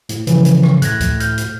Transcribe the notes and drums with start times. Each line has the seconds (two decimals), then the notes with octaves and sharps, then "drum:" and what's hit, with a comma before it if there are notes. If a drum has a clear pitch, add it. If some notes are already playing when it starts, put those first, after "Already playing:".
0.09 A2, drum: hi-hat
0.27 C#3 E3 F3, drum: hi-hat
0.45 drum: hi-hat
0.63 drum: rim click
0.82 A2 F#6 G#6 A#6, drum: hi-hat
1.01 drum: kick C#2, hi-hat
1.20 F6 G6, drum: hi-hat
1.38 drum: hi-hat